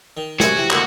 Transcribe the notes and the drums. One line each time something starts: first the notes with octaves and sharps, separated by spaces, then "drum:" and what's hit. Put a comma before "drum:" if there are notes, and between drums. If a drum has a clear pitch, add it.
D#3
C2 F#2 F#4 G#5, drum: snare
C3 E3
D2 A#3 E4, drum: clap